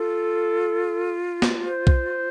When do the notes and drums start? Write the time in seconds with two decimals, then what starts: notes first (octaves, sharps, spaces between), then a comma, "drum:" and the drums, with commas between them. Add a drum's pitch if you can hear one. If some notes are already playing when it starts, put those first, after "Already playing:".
Already playing: F4 A4
1.42 drum: snare
1.64 C5
1.87 drum: kick B1